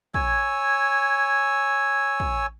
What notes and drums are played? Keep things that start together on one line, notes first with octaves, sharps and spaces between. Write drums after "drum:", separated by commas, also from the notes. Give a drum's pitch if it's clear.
C#5 G#5 E6, drum: kick
drum: kick